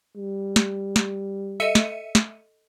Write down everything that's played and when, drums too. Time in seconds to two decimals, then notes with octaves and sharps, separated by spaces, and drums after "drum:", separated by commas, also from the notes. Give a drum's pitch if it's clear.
0.16 G3
0.56 drum: snare
0.96 drum: snare
1.60 A4 D#5 E5 C#7 D#7
1.75 drum: snare
2.15 drum: snare